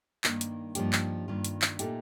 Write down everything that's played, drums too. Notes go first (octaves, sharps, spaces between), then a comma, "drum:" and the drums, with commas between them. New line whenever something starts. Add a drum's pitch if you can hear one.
G2 D#3 A#3 D#4, drum: clap
drum: hi-hat
G2 F3 A#3 D#4 G4, drum: hi-hat
drum: clap
G2 D#3 A#3 F4
drum: hi-hat
drum: clap
A#2 A3 D#4 G4, drum: hi-hat